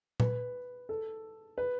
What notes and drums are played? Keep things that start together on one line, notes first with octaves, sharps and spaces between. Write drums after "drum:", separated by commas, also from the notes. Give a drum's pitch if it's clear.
B4, drum: tom A#2
A4
B4